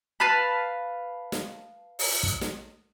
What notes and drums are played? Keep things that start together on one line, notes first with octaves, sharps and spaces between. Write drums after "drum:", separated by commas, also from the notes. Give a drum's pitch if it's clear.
B4 F5 A5 B5
drum: snare
drum: open hi-hat
drum: kick
drum: snare